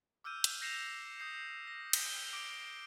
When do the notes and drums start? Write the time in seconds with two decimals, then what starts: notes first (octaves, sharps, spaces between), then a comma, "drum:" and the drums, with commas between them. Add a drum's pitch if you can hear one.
0.24 D6 E6 F6 G6 D#7
0.44 drum: hi-hat
0.61 G6 A#6 C7 C#7 E7 F7
1.20 D#6 G6 C7
1.67 A#6
1.93 drum: cymbal
2.04 G7
2.33 D6 D7